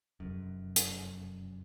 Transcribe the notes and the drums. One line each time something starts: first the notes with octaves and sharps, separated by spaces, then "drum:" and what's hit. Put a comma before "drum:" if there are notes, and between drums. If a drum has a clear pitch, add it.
F1 F#2
drum: hi-hat